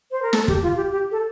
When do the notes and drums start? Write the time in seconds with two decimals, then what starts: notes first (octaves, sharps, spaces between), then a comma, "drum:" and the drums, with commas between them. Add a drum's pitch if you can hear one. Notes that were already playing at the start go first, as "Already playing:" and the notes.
0.11 C5
0.22 A#4
0.33 A4, drum: snare
0.48 G4, drum: kick
0.63 F4
0.77 G4
0.92 G4
1.11 A4